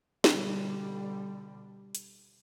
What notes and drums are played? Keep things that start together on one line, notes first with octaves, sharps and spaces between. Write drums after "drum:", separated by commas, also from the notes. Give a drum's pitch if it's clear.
B2 D3 G3, drum: snare
drum: hi-hat